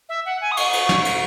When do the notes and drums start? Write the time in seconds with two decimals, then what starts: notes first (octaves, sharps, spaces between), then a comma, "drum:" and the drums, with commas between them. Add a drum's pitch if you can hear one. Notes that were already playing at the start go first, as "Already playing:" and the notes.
0.09 E5
0.26 F#5
0.41 G#5
0.52 D#6
0.57 C#6, drum: cymbal
0.73 drum: cymbal
0.89 drum: snare
1.05 drum: cymbal